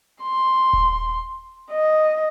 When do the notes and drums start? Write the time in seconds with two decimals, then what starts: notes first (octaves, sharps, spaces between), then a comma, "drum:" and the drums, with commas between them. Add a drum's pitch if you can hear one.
0.22 C6
0.73 drum: kick D#1
1.72 D#5